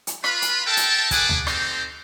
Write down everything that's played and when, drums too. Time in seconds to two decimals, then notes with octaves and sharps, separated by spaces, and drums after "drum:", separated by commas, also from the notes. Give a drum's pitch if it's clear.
0.07 drum: hi-hat
0.24 F4 B4 B5, drum: rim click
0.42 drum: hi-hat
0.67 A4 A#4 E5 G5 A5
0.77 drum: hi-hat
1.11 G#4 B4 F#5 G#5 A5 D6, drum: kick, hi-hat
1.29 drum: tom D2
1.47 C4 D#4 G4 A4 C5, drum: rim click